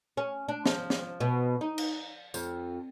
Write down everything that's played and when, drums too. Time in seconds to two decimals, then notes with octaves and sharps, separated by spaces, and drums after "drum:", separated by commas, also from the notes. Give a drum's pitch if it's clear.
0.17 C#4
0.48 D4
0.66 F3, drum: snare
0.90 drum: snare
1.20 B2
1.61 D#4
1.78 drum: cymbal
2.34 F2, drum: tambourine